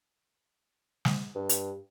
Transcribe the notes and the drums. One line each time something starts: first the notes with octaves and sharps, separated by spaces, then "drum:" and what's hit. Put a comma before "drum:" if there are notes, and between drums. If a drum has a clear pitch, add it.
drum: snare
G2
drum: hi-hat